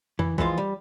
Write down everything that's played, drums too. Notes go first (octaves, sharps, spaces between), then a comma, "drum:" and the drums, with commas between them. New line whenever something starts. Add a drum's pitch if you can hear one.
E3, drum: tom F2
E3 F3 G#3 F4, drum: kick B1
G3